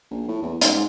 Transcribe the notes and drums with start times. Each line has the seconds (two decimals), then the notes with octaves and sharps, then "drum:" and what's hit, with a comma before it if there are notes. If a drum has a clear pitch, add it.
0.11 A#1
0.28 A2
0.42 E2
0.61 G#2, drum: hi-hat
0.74 G#2